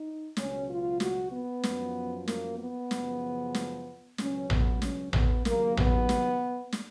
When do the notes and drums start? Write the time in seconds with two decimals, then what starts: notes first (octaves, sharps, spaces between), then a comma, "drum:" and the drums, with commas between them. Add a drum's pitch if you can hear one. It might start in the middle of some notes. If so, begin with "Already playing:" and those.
Already playing: D#4
0.37 C#2 B2 F#3 C#4, drum: snare
0.69 F4
1.00 F#4, drum: snare
1.32 B3
1.63 F#2 F3, drum: snare
2.28 A#3, drum: snare
2.59 B3
2.91 F#2 C#3 F3, drum: snare
3.55 drum: snare
4.18 C#2 B2 F#3 C#4, drum: snare
4.50 B3, drum: tom A1
4.82 C#4, drum: snare
5.13 B3, drum: tom A1
5.45 D#2 C#3 F#3 A#3, drum: snare
5.77 B3, drum: tom A1
6.09 drum: snare
6.72 drum: snare